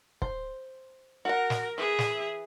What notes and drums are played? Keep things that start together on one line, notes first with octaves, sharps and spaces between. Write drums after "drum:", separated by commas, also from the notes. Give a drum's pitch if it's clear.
C5, drum: kick
F#4 A#4 F#5
drum: snare
E3 G#4 E5
drum: snare